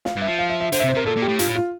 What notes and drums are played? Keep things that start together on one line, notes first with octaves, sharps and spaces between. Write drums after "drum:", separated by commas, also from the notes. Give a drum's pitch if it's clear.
F5, drum: snare
G2
E5
F3
F5
E5
E5
D3 C5, drum: hi-hat
E5
C3
C5
C3 A#4
A#2 A4
A#2
G4
A2
G2 F4, drum: hi-hat
A2
F4